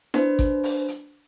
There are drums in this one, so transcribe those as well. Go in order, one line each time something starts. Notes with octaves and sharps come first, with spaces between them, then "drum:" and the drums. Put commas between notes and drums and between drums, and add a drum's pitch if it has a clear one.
D4 B4 C5, drum: snare E4
drum: kick G#1, hi-hat
drum: open hi-hat
drum: hi-hat